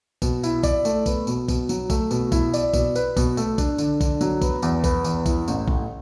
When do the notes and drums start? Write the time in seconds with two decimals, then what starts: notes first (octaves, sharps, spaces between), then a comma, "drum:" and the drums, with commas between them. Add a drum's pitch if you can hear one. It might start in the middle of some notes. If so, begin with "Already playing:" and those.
0.22 B2, drum: kick A#1, tambourine
0.44 E4, drum: tambourine
0.63 D5, drum: kick A#1, tambourine
0.85 A3, drum: tambourine
1.06 B3, drum: kick A#1, tambourine
1.27 B2, drum: tambourine
1.48 B2, drum: kick A#1, tambourine
1.69 F#3, drum: tambourine
1.90 A3, drum: kick A#1, tambourine
2.11 B2, drum: tambourine
2.32 E4, drum: kick A#1, tambourine
2.54 D5, drum: tambourine
2.73 B2, drum: kick A#1, tambourine
2.96 B4, drum: tambourine
3.17 B2, drum: kick A#1, tambourine
3.37 A3, drum: tambourine
3.58 D4, drum: kick A#1, tambourine
3.78 D3, drum: tambourine
4.01 D3, drum: kick A#1, tambourine
4.21 F#3, drum: tambourine
4.41 B3, drum: kick A#1, tambourine
4.62 E2, drum: tambourine
4.84 B3, drum: kick A#1, tambourine
5.04 E2, drum: tambourine
5.26 E4, drum: kick A#1, tambourine
5.48 A1, drum: tambourine
5.68 A2, drum: kick A#1